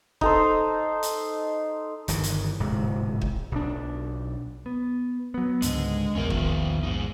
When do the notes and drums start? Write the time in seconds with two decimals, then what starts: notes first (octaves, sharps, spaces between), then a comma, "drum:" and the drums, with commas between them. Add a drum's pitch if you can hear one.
0.21 D#4 A4 C5, drum: kick
1.03 drum: hi-hat
2.08 G1 D#3 E3, drum: hi-hat
2.24 drum: hi-hat
2.60 D1 G#2 C3
3.21 drum: kick
3.52 B1 D4
4.66 B3
5.34 F#3 B3
5.62 C#2 G#2 D3 G#3, drum: hi-hat
6.15 A#1 E2 C#4 A#4
6.30 D#3 F4, drum: kick
6.83 G#2 B2 D#4